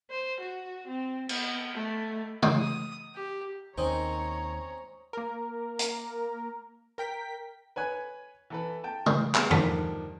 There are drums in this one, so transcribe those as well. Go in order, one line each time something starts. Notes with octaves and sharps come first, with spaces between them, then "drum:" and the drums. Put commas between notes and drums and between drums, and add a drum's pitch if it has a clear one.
C5
F#4
C4
B3, drum: cymbal
A3
drum: tom C#3
D#6
G4
D#2 D#3 C4 C#4 C5 C#5 D#5 A#5
A#3 A#4
drum: hi-hat
A#4 G5 B6
B4 C#5 G#5 F#6
E3 A4 B4
G5 A5
drum: tom C#3
G3 B3 G#4, drum: clap
G2 D3 D#3 F3, drum: tom E2